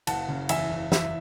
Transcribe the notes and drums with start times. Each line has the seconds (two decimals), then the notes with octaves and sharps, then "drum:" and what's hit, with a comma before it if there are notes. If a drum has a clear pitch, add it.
0.07 F#1 F#5 A5, drum: cymbal
0.29 C#3
0.49 E2 E5 G#5, drum: cymbal
0.71 F#1
0.92 E2 E5, drum: snare